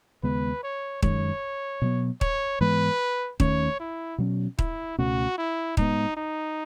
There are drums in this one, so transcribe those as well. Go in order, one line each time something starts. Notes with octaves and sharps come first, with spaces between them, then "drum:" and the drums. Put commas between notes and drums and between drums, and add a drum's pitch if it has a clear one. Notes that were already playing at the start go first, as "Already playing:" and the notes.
D#2 C#3 G#3 B3 B4
C#5
F#2 D#3 G#3 C#5, drum: kick D#1
B2 F#3 B3
C#5, drum: kick D#1
G#2 E3 G#3 B3 B4
D#2 D#3 A3 C#4 C#5, drum: kick D#1
E4
B2 F#3 C#4
E4, drum: kick D#1
C#2 B2 A3 C#4 F#4
E4
A2 G#3 B3 D#4, drum: kick D#1
D#4